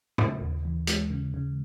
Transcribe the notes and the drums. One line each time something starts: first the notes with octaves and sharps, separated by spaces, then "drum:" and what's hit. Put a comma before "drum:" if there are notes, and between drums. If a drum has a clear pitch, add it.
C#3, drum: tom
D#2
E3
G#3, drum: hi-hat
C#3
C#3